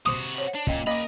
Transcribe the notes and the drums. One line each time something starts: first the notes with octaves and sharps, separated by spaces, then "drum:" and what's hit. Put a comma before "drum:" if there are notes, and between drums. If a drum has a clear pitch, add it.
C3 F#4 C5 C6 D6 D#6
C5 C#5
D4
A#2 C#4 D#5 G5, drum: kick
A#3 A#4 D#5 F5 B5 D6